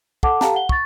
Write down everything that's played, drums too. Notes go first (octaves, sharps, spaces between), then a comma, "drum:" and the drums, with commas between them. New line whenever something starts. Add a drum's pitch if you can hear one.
A4 F#5 A5 D6, drum: kick
G4 A4 F5 G5 A5 A#5, drum: snare
F#5 G7
C#6 A6, drum: kick